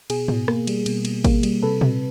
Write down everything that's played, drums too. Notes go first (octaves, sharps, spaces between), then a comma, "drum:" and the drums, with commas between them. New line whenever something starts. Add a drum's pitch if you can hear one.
B2 G#4, drum: cymbal
B2, drum: tom G#2
A#3, drum: rim click
G3, drum: cymbal
B2, drum: cymbal
B2, drum: cymbal
A#3, drum: kick G#1, cymbal
G3, drum: cymbal
C3 A4 B4
C3, drum: tom A#2